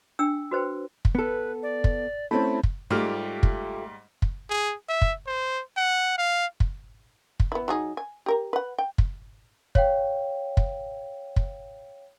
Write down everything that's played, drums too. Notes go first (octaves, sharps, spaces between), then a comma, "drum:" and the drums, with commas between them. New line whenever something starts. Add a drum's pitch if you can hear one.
D4 G5 E6
F#4 B4 C5 G5
drum: kick
B3 A4 B4
D5
drum: kick
A3 C4 C#4 E4 A5 B5
drum: kick
G#2 G3 A3 F4 G4 F6
drum: kick
drum: kick
G#4
E5
drum: kick
C5
F#5
F5
drum: kick
drum: kick
B3 E4
F#3 D#4 G#4
G#5
G4 A#4 A#5
B4 F#5
G5
drum: kick
C#5 F5 G5, drum: kick
drum: kick
drum: kick